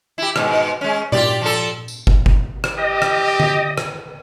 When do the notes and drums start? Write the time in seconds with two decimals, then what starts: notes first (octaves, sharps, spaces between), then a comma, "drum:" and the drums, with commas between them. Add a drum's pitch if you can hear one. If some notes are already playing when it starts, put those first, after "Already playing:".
0.18 E4 G4
0.36 G#2 B2, drum: rim click
0.81 G#3 C#4
1.12 F4 G4 D5, drum: tom A#2
1.42 F3 A4
1.88 drum: tambourine
2.07 drum: kick
2.26 drum: kick
2.64 drum: rim click
2.78 G4 D#5
3.02 drum: rim click
3.40 drum: tom D3
3.78 drum: rim click